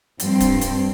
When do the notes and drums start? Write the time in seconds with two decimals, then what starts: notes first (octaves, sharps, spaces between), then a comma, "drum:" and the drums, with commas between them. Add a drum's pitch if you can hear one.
0.20 G2 F3 C4, drum: hi-hat
0.40 drum: kick, hi-hat
0.61 drum: hi-hat